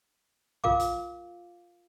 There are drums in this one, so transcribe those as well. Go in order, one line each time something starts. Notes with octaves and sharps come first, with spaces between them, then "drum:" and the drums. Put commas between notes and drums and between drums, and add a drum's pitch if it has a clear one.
F4 A#4 F5 D6, drum: tom
drum: hi-hat